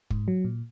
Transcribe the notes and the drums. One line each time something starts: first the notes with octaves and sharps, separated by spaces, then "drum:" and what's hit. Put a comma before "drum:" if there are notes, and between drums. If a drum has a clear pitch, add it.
G#2, drum: kick
F#3
A#2